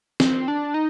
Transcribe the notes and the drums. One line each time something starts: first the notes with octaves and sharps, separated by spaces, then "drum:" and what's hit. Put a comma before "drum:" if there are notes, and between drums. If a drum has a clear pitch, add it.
C4, drum: snare
D4
D#4